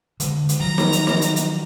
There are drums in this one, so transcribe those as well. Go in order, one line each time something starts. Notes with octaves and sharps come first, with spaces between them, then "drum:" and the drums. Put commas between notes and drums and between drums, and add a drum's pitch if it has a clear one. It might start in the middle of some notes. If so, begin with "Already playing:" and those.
D3 G#3, drum: hi-hat
drum: hi-hat
D#3 F3 F#3 A#5 A#6
drum: snare
drum: hi-hat
drum: snare
drum: hi-hat
drum: hi-hat